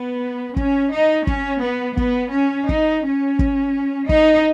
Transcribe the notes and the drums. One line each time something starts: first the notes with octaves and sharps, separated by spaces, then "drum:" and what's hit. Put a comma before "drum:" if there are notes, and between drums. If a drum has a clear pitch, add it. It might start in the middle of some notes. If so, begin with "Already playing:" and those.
Already playing: B3
C#4, drum: kick
D#4
C#4, drum: kick
B3
B3, drum: kick
C#4
D#4, drum: kick
C#4
drum: kick
D#4, drum: kick